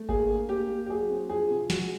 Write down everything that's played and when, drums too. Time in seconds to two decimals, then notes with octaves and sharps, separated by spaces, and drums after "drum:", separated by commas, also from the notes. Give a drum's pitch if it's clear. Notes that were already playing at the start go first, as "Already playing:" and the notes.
Already playing: A3
0.09 A#3 G#4, drum: kick G#1
0.29 A#3
0.49 A#3 G4
0.69 A#3
0.86 G4
0.90 F#3 G#4
1.10 C4
1.30 F3 G#4
1.50 C3
1.70 G#3 F#4, drum: snare